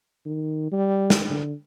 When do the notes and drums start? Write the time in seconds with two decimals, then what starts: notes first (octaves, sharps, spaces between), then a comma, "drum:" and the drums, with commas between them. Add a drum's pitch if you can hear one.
0.26 D#3
0.72 G3
1.10 drum: snare
1.30 D3